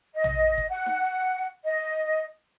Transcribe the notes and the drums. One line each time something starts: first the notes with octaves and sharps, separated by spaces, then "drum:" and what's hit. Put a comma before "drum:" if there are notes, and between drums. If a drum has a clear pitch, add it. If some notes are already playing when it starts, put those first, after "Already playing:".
D#5
drum: tom
drum: kick G1
F#5
drum: snare D#4
D#5